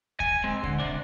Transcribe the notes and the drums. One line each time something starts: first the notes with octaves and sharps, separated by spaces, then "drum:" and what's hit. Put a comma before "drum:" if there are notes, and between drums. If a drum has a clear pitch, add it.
G#5, drum: kick D2
G#3 C4
D3, drum: kick D2
C3 D4